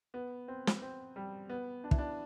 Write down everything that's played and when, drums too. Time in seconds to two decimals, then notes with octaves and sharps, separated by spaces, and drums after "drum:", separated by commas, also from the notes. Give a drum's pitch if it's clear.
0.14 B3
0.48 C4
0.67 drum: snare
0.82 C4
1.16 G3
1.49 B3
1.84 D4
1.91 E4, drum: kick
1.98 D4